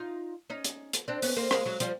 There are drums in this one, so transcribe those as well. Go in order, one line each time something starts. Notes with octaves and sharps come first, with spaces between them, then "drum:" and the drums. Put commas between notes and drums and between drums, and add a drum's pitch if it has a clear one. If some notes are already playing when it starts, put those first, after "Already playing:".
Already playing: D#4 F4
C#4 D#4
drum: hi-hat
drum: hi-hat
C4 D4
B3 C#4, drum: open hi-hat
A#3 C4
G#3 A#3, drum: rim click
F#3 G#3
F3 G3, drum: hi-hat